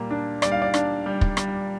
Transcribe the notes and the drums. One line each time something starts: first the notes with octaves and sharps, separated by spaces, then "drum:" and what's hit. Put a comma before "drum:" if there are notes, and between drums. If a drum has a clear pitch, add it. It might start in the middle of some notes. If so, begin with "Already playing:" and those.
Already playing: A#2 G3 A#3
D4
G3 D5, drum: rim click
F5
D5
D4, drum: rim click
G3
drum: kick
G3, drum: rim click